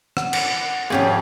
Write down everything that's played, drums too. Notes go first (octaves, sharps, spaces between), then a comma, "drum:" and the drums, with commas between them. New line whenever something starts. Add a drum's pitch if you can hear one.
F#5, drum: rim click
drum: cymbal
G#1 F2 C#4 G4 G#4